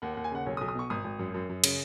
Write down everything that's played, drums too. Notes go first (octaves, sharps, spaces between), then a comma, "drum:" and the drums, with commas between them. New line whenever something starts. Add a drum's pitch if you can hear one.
D#2 F#5
F#5
D#2
G#5
C#3 F#5
B1 C#5
D#6
B1
D#6
B2 C#6
G#1 D#6
G#1
F#2
F#2
F#2
C#3, drum: cymbal